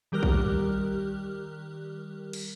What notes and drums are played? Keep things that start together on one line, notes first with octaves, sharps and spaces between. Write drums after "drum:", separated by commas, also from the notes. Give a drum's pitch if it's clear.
D#3 G3 G4 A#4 F6 F#6
drum: kick A#1
drum: cymbal